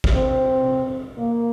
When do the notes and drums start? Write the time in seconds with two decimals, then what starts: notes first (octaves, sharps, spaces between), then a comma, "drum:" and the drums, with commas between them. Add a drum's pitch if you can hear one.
0.04 drum: kick
0.14 C4
1.17 A#3